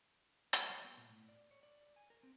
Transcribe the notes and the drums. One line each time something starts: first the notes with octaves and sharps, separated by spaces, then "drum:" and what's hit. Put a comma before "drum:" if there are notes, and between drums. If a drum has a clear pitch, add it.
drum: hi-hat
G3
B3
A#2
A2
D5
C#5
D5
G#5
A#4
C4